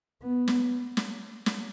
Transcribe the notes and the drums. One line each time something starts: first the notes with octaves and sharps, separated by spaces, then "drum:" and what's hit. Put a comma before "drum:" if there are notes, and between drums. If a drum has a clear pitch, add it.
B3
drum: snare
drum: snare
drum: snare